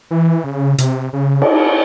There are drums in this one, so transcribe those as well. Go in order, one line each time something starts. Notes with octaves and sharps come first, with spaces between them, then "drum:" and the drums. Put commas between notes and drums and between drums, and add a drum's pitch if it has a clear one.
E3
C#3
C3, drum: hi-hat
C#3
drum: cymbal